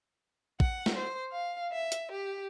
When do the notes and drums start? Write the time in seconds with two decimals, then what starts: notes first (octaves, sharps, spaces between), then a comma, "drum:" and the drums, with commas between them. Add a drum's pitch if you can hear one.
0.60 F#5, drum: kick
0.86 drum: snare
0.96 C5
1.31 F5
1.72 E5
1.92 drum: hi-hat
2.11 G4